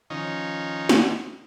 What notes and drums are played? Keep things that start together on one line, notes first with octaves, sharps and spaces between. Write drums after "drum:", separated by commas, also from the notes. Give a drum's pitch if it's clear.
D#3 F3 C#4 D#4
drum: snare